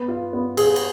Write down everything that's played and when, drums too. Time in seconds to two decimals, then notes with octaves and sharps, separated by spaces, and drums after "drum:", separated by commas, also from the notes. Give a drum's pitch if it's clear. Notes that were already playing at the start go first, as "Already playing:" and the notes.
Already playing: B3
0.08 F4
0.33 B3
0.57 G#4, drum: cymbal
0.76 drum: cymbal